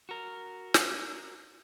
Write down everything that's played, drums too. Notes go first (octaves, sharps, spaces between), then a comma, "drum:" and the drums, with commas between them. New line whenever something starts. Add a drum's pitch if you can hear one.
F#4 A#4
drum: snare